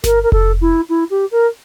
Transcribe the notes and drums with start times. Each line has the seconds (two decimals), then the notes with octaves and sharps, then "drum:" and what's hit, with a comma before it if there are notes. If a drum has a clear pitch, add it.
0.04 A#4, drum: snare G1
0.23 A#4
0.32 A4, drum: kick F1
0.61 E4
0.89 E4
1.10 G4
1.31 A#4